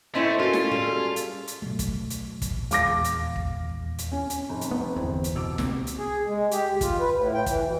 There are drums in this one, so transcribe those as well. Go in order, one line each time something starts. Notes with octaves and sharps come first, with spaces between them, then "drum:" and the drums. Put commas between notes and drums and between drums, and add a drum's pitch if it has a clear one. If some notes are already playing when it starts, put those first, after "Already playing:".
A3 C4 C#4 D#4 E4 D#5 C6
F4 F#4 A4 A#4
drum: snare
G3 G#4 A4
drum: hi-hat
drum: hi-hat
B2 F#3 A3
drum: kick, hi-hat
drum: hi-hat
drum: kick, hi-hat
A#1
D#1 E2 G#3 F5 D6 A#6, drum: hi-hat
drum: hi-hat
drum: kick
drum: hi-hat
C#4
drum: hi-hat
F1
drum: hi-hat
B3
G1 E2 C4
drum: hi-hat
B2 D6 E6
C2 A#3 C4, drum: snare
drum: hi-hat
G#4
G#3
G4, drum: hi-hat
D2
F4, drum: kick, hi-hat
B4
A2
G5
E3, drum: kick, hi-hat
B2